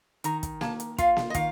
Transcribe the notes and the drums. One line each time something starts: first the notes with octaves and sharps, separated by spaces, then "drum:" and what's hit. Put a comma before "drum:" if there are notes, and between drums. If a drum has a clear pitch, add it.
D#3 A#5, drum: hi-hat
drum: kick, hi-hat
A#3 A5, drum: snare A#3
drum: hi-hat
F4 F5, drum: kick, hi-hat
drum: snare A#3
D#5
D#3 F5, drum: kick, hi-hat